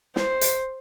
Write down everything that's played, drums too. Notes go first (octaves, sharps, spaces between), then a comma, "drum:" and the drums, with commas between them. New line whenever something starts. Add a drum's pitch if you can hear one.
C5, drum: snare
drum: hi-hat